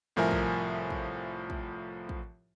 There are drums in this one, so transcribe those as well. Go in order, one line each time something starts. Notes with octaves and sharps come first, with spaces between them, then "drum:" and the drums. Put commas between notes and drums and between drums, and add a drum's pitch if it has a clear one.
C2 A2 F3 A#4 E5 G#5
drum: kick
drum: kick
drum: kick
drum: kick